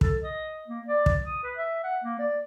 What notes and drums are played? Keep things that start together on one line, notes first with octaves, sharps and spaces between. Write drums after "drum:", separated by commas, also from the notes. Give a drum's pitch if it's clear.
A4, drum: kick
D#5
A#3
D5
drum: kick
D#6
B4
E5
F#5
A#3
D5